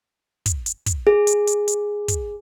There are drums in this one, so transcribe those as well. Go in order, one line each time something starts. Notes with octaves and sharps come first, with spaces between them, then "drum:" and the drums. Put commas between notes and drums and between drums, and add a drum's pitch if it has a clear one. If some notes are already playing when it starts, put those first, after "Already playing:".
drum: kick, hi-hat
drum: hi-hat
drum: kick, hi-hat
G#4
drum: hi-hat
drum: hi-hat
drum: hi-hat
drum: kick, hi-hat